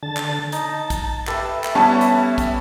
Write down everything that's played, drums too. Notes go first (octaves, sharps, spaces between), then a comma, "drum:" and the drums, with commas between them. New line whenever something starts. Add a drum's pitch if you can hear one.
D3 A5 A6
drum: clap
D#4 A5, drum: hi-hat
drum: kick, hi-hat
G4 A4 B4 E5, drum: clap
drum: clap
G3 B3 C#4 E4 B4 C#5 A5
drum: hi-hat
drum: kick, hi-hat